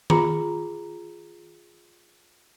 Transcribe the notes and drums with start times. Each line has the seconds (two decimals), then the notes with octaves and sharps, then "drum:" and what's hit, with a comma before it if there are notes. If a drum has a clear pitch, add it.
0.10 F4 G#4 A#5 C6, drum: tom D#3